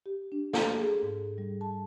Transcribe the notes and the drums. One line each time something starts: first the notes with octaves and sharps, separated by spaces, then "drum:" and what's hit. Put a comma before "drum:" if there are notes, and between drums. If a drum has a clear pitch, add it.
G4
D4
A4, drum: snare
G#4
G#2
G3
A5